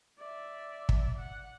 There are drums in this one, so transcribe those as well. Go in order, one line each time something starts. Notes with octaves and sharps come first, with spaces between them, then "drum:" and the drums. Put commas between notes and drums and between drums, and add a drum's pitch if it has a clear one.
D5 E5
drum: kick
F#5